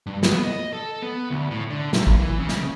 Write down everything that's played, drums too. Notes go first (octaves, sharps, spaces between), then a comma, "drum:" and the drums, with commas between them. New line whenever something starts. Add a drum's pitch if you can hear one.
G2
B3, drum: snare
D#5
A4
B3
D2
A2
D3
B1, drum: snare
drum: kick
E3
C#3
drum: snare